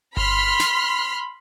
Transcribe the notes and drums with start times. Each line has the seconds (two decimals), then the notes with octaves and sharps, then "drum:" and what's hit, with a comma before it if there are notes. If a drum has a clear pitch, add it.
0.17 B5 C6 F6 B6, drum: kick G1
0.60 drum: snare